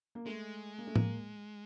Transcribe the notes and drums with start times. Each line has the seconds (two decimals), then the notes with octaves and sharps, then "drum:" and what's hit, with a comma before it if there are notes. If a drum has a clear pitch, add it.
0.15 A#3
0.26 G#3 A3
0.78 A#3
0.87 A3
0.96 A#3, drum: tom A2